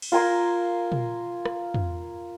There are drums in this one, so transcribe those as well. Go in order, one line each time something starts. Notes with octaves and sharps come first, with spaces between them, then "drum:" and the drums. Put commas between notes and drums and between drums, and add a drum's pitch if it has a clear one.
drum: cymbal
F4 A#4 G#5 C6
drum: tom A#2
drum: rim click
drum: tom